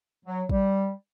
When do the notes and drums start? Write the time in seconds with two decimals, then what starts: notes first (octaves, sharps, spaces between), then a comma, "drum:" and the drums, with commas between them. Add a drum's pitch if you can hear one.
0.25 F#3
0.49 G3, drum: kick